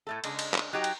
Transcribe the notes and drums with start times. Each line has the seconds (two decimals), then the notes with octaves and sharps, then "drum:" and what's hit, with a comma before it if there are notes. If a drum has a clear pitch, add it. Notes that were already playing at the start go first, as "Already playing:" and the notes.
0.07 A2 A3 A4
0.24 C#3 G#3 D4, drum: cymbal
0.39 drum: cymbal
0.54 drum: clap
0.73 F#3 D#4 F#4 G4 G5 A#5
0.84 drum: cymbal